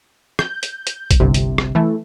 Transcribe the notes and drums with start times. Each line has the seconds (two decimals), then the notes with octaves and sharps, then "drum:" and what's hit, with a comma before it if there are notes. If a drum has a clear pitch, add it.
0.39 G6, drum: rim click
0.63 drum: hi-hat
0.87 drum: hi-hat
1.11 drum: kick A#1, hi-hat
1.20 G1 C2 C3
1.34 drum: hi-hat
1.58 drum: rim click
1.75 E3 A3